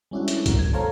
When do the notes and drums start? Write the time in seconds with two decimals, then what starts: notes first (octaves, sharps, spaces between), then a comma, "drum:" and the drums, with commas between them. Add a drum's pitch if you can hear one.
0.11 G3 G#3 C#4 D4 E4 F#4
0.28 drum: hi-hat
0.46 G#2 F#3 A#3, drum: kick, hi-hat
0.59 G#6
0.73 A4 C5 C#5 F5 A#5